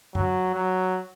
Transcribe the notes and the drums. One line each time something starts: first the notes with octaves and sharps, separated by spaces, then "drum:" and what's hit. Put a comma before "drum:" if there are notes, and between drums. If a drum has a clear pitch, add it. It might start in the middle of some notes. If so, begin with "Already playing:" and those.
F#3, drum: tom F#2
F#3